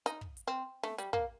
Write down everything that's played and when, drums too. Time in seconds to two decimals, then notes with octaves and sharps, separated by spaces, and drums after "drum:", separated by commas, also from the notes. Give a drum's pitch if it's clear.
0.06 D#4, drum: hi-hat
0.21 drum: kick
0.37 drum: hi-hat
0.48 C4
0.83 A3, drum: snare
0.98 G3, drum: hi-hat
1.13 A#3, drum: kick